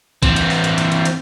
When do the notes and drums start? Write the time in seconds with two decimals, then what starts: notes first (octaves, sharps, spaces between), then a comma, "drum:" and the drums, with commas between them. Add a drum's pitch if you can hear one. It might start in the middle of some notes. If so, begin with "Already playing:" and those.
0.23 E3 C4, drum: kick, hi-hat
0.36 drum: hi-hat
0.50 drum: open hi-hat
0.64 drum: hi-hat
0.78 drum: hi-hat
0.92 drum: hi-hat
1.05 drum: hi-hat